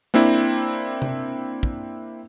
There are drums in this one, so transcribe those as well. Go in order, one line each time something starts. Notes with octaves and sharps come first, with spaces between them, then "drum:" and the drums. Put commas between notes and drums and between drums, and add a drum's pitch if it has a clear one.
A#3 C4 D4 E4, drum: snare
drum: tom C3
drum: kick